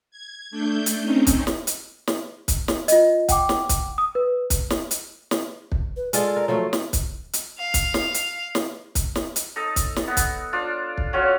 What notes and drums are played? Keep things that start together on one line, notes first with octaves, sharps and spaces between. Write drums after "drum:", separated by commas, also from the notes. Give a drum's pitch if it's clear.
G#6
A3 D4 G6
drum: hi-hat
C4 C#4 D#4
drum: kick, hi-hat
drum: snare
drum: hi-hat
drum: snare
drum: kick, hi-hat
drum: snare
F4 D#5, drum: hi-hat
F#5 G5 D6, drum: kick, hi-hat
drum: snare
drum: kick, hi-hat
D#6
B4
drum: kick, hi-hat
drum: snare
drum: hi-hat
drum: snare
drum: kick
B4
G#3 F4 A4 D5, drum: hi-hat
A#4
F3 F#3 A3 C#5
drum: snare
drum: kick, hi-hat
drum: hi-hat
F5
drum: kick, hi-hat
drum: snare
drum: hi-hat
drum: snare
drum: kick, hi-hat
drum: snare
drum: hi-hat
D#4 A4
drum: kick, hi-hat
drum: snare
B3 D#4
drum: kick, hi-hat
D4 F4
drum: kick
F#3 C#4 F4